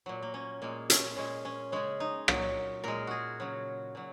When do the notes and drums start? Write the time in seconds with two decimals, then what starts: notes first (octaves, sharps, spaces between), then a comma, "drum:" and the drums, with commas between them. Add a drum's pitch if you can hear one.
0.06 A#2 F#3
0.22 A#3
0.34 C#4
0.62 A#2 G#3 A#3
0.90 C#4, drum: hi-hat
1.17 A#2 G#3 C#4
1.45 C#4
1.72 C#3 G#3 C#4
2.00 D#4
2.28 A#2 F#3, drum: rim click
2.84 A#2 G#3 A#4
3.07 F#4 G#4
3.40 C#3 F#3
3.95 A#2 F#3